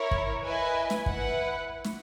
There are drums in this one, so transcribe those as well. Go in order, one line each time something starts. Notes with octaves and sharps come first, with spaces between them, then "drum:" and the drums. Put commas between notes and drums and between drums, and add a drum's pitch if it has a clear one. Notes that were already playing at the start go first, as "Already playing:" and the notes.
Already playing: E4 A#4 C#5
drum: kick
E4 B4 D#5 G#5
drum: snare
E4 B4 F#5, drum: kick
drum: snare